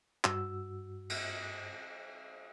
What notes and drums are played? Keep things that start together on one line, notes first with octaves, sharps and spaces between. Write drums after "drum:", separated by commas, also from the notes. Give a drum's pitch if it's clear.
G2 F#4 E6, drum: clap
drum: cymbal